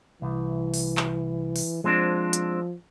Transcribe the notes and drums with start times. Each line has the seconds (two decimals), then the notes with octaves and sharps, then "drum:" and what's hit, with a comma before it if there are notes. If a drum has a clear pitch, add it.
0.22 C2 E3
0.74 drum: open hi-hat
0.97 drum: clap
1.56 drum: open hi-hat
1.84 F3 G#3 C4 D4
2.33 drum: hi-hat